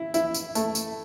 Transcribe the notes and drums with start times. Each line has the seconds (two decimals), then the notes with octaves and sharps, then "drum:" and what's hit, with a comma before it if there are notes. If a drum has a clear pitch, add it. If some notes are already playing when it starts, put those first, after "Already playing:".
Already playing: E4
0.14 E4, drum: tambourine
0.34 drum: tambourine
0.55 A3, drum: tambourine
0.75 drum: tambourine